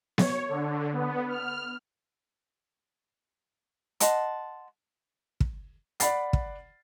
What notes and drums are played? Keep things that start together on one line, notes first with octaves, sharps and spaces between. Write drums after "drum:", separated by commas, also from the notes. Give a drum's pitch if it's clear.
C#5, drum: snare B3
D3
B3
F6
D#5 F#5 A5 C6, drum: hi-hat
drum: kick
D5 F#5 B5 A6 C7, drum: hi-hat
drum: kick